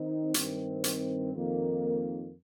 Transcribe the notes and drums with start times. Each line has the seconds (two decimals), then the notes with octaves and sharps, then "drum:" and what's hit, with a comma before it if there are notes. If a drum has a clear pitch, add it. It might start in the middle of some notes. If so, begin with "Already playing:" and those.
Already playing: D#3 C4 D#4
0.34 G2 D#3 C4, drum: hi-hat
0.84 drum: hi-hat
1.34 F2 D#3 A#3